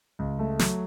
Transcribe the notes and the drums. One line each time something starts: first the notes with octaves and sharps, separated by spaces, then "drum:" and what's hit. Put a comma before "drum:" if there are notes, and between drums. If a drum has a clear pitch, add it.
C#2
A3
F#3, drum: snare